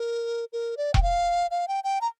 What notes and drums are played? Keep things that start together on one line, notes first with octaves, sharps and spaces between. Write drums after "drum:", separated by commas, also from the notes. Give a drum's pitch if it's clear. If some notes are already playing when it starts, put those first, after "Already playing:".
Already playing: A#4
A#4
D5
G5, drum: kick E1
F5
F5
G5
G5
A#5